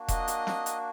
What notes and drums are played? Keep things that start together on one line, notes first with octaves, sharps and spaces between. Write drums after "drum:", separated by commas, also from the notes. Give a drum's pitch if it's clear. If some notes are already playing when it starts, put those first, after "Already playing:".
Already playing: A#3 D4 F#4
D#5 D#6, drum: kick E1, hi-hat
drum: hi-hat
drum: snare
drum: hi-hat